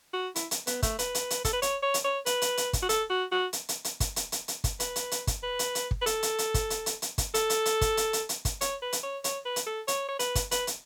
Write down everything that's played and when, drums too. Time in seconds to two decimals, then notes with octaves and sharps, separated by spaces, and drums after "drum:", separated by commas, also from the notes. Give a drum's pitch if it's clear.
0.14 F#4
0.36 E4, drum: hi-hat
0.51 drum: hi-hat
0.67 B3, drum: hi-hat
0.83 A3, drum: kick, hi-hat
0.99 B4, drum: hi-hat
1.15 drum: hi-hat
1.30 drum: hi-hat
1.45 A4, drum: kick, hi-hat
1.53 B4
1.62 C#5, drum: hi-hat
1.83 C#5
1.94 drum: hi-hat
2.05 C#5
2.26 B4, drum: hi-hat
2.42 drum: hi-hat
2.57 drum: hi-hat
2.73 drum: kick, hi-hat
2.83 F#4
2.89 A4, drum: hi-hat
3.10 F#4
3.32 F#4
3.53 drum: hi-hat
3.69 drum: hi-hat
3.84 drum: hi-hat
4.00 drum: kick, hi-hat
4.16 drum: hi-hat
4.32 drum: hi-hat
4.48 drum: hi-hat
4.64 drum: kick, hi-hat
4.80 B4, drum: hi-hat
4.96 drum: hi-hat
5.11 drum: hi-hat
5.27 drum: kick, hi-hat
5.43 B4
5.59 drum: hi-hat
5.75 drum: hi-hat
5.91 drum: kick
6.02 B4
6.06 A4, drum: hi-hat
6.23 drum: hi-hat
6.38 drum: hi-hat
6.54 drum: kick, hi-hat
6.70 drum: hi-hat
6.86 drum: hi-hat
7.02 drum: hi-hat
7.18 drum: kick, hi-hat
7.34 A4, drum: hi-hat
7.50 drum: hi-hat
7.65 drum: hi-hat
7.81 drum: kick, hi-hat
7.97 drum: hi-hat
8.13 drum: hi-hat
8.29 drum: hi-hat
8.45 drum: kick, hi-hat
8.61 C#5, drum: hi-hat
8.82 B4
8.92 drum: hi-hat
9.03 C#5
9.24 C#5, drum: hi-hat
9.46 B4
9.56 drum: hi-hat
9.67 A4
9.88 C#5, drum: hi-hat
10.09 C#5
10.19 B4, drum: hi-hat
10.35 drum: kick, hi-hat
10.51 B4, drum: hi-hat
10.67 drum: hi-hat